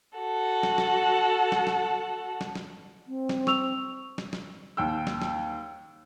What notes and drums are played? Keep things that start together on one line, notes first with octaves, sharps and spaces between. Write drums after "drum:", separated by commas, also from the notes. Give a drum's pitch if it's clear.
F#4 A4 F#5
drum: snare
drum: snare
drum: snare
drum: snare
drum: snare
drum: snare
C4
drum: snare
C#6 E6 F7, drum: snare
drum: snare
drum: snare
D#2 G5 E6
drum: snare
drum: snare